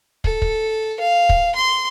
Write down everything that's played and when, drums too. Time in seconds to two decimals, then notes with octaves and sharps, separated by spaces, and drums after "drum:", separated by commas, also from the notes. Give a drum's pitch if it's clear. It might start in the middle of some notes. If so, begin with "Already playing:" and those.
0.24 A4, drum: kick
0.42 drum: kick
1.00 F5
1.29 drum: kick
1.55 C6